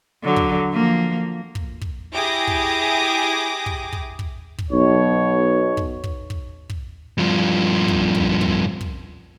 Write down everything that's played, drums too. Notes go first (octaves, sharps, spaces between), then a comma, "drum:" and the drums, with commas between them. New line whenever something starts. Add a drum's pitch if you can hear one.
D3 F#3
drum: kick
F3 A#3
drum: kick
drum: kick
E4 G4 G#4 D6 D#6 A#6
drum: kick
drum: kick
drum: kick
drum: kick
drum: kick
B1 B2 C#5
drum: kick
drum: kick
drum: kick
drum: kick
G2 F3
drum: kick
drum: kick
drum: kick
drum: kick